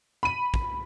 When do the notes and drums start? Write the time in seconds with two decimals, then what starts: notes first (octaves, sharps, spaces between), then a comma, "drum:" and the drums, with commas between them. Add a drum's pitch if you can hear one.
0.23 B5 D#7
0.54 drum: kick